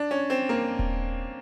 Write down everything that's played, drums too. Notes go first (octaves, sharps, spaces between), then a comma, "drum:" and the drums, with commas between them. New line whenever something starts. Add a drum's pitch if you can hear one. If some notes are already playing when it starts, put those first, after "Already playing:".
Already playing: D4
C#4
C4
A#3
drum: kick D#1